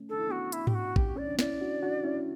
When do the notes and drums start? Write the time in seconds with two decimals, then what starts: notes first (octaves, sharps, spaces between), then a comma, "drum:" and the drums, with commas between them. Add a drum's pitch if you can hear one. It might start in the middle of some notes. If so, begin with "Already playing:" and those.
Already playing: A3 C#4
0.09 D4 A4
0.19 E4
0.28 B3 D4 F#4
0.52 E4, drum: hi-hat
0.67 G4, drum: tom G#2
0.74 F#4
0.96 G4, drum: kick A#1
1.16 C#4 D5
1.28 D4
1.39 C#4 E4 D5, drum: snare
1.61 D4 F#4
1.83 D4 F#4
2.04 C#4 E4